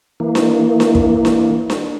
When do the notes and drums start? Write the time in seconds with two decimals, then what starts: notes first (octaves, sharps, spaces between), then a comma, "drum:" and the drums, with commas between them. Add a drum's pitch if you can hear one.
0.20 E3 A#3
0.35 drum: snare D4
0.80 drum: snare D4
0.95 drum: kick
1.25 drum: snare D4
1.70 drum: snare D4